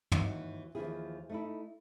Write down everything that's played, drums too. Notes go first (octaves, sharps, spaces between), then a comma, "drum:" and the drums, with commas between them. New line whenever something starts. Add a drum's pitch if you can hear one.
D#2 E3 D#4 F#4, drum: tom
D#2 E3 F3 E4 G#4
A3 D#4 E4